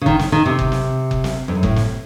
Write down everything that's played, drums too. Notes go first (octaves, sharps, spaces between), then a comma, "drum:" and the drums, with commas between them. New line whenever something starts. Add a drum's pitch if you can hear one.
C#3
D#3, drum: kick F#1
drum: snare
D#3
C3
drum: kick F#1
drum: snare
drum: kick F#1
drum: snare
F2
F#2
A2, drum: kick F#1
drum: snare